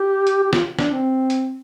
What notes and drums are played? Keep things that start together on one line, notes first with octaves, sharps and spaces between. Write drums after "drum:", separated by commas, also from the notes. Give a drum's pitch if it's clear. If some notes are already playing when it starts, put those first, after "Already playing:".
Already playing: G4
drum: hi-hat
G4
F4, drum: snare
D4, drum: snare
C4
drum: hi-hat